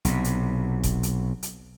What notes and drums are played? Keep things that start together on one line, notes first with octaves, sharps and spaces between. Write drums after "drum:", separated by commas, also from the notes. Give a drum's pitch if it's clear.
B1 C3, drum: hi-hat
drum: hi-hat
drum: kick F1, hi-hat
drum: hi-hat
drum: hi-hat